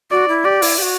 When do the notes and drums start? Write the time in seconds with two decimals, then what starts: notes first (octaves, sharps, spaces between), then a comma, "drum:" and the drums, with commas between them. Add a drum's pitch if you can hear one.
0.11 F#4 D5
0.28 E4
0.45 G4 D5
0.62 E4, drum: open hi-hat
0.78 G4
0.82 F#4